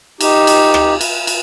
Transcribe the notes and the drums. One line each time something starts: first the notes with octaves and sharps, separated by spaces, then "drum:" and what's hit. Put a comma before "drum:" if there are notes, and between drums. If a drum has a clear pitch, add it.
D#4 G4, drum: cymbal
drum: cymbal
drum: rim click
drum: cymbal
drum: cymbal